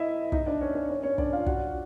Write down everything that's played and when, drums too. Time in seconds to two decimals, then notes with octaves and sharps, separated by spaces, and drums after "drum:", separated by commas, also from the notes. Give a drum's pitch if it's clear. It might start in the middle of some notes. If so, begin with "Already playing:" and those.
Already playing: E4 D#5 E5
0.32 D#4 D#5, drum: kick
0.46 D4 D5
0.61 C#4 C#5
0.75 C#4 C#5
0.90 C#4 C#5
1.03 C#4 C#5
1.18 D4 D5, drum: kick
1.33 F4 F5
1.46 F#4 F#5, drum: kick